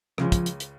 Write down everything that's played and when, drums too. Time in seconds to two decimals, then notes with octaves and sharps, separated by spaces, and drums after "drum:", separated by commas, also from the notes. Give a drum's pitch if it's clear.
0.18 C#2 C#3 F3 G#3, drum: rim click
0.32 drum: kick, hi-hat
0.46 drum: hi-hat
0.60 drum: hi-hat